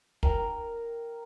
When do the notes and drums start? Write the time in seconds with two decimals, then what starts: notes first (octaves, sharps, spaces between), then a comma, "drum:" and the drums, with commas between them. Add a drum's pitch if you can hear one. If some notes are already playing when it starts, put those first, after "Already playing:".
0.23 A#4 G5 A#5, drum: kick